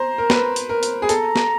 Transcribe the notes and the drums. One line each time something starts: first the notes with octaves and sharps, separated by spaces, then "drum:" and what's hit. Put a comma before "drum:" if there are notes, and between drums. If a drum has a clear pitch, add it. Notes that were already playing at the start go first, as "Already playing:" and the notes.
Already playing: C5 A#5
A#4
B4, drum: snare
drum: hi-hat
A#4
drum: hi-hat
G#4
A4 A#5, drum: hi-hat
drum: snare